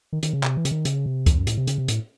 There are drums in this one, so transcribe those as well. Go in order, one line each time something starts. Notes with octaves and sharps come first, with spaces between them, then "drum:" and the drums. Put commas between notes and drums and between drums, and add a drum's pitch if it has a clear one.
D#3
D#3, drum: hi-hat
C#3
C3, drum: clap
E3
C#3, drum: hi-hat
D#3
C#3, drum: hi-hat
C3
E2, drum: kick C#2, hi-hat
F#2
A2, drum: hi-hat
C3
C#3, drum: hi-hat
C3
A2, drum: hi-hat